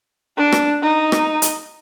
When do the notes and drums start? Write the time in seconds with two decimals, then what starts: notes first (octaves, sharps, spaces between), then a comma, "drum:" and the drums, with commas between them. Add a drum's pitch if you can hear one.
0.37 D4
0.52 drum: rim click
0.82 D#4
1.12 drum: rim click
1.42 drum: hi-hat